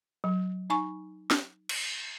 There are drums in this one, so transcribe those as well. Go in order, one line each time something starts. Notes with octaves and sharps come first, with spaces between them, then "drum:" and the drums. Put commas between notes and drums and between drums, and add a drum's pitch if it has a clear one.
F#3
D#4 G#5 C#6
drum: snare
drum: cymbal